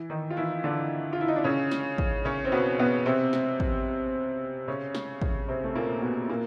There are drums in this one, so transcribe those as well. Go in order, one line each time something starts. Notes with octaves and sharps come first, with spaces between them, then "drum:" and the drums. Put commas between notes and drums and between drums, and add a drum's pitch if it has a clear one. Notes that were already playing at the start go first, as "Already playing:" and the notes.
Already playing: E3 E4
D#3 D#4
F4
E3 E4
D3 D4
F4
E4
D#4
D4
C#3 C#4
drum: snare
drum: kick
C#3 C#4
C4
B2 B3
B2 B3
C3 C4
drum: snare
drum: kick
C#3 C#4
drum: snare
drum: kick
C3 C4
A3
A#2 A#3
B2 B3
A#2 A#3